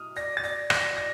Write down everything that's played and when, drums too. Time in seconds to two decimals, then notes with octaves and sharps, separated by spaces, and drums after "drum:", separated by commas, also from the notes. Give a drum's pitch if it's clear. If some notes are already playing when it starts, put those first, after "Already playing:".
Already playing: D#6 F6
0.16 D5 A#6
0.37 A6
0.43 D5 A#6
0.70 A#6, drum: rim click
0.97 A#6